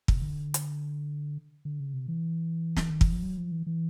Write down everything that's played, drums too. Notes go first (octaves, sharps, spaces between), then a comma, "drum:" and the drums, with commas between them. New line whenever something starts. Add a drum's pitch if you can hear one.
C3, drum: kick
D3
drum: hi-hat
D3
C#3
C3
E3
drum: snare
D#3
E3, drum: kick
F3
F#3
F3
E3
E3